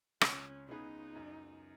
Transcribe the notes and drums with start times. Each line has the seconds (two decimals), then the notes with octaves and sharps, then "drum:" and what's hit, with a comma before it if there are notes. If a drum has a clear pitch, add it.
0.21 C#2 C#4, drum: rim click
0.69 C#3 B3 D#4 G#4 B4
1.15 F#2